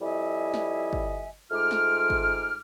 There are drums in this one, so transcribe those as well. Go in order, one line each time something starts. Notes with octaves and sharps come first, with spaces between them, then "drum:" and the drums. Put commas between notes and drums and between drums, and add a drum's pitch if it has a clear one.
F2 G3 E4 D#5 E5 G#5
drum: snare
drum: kick
G#2 A3 F4 D6 F6
drum: snare
drum: kick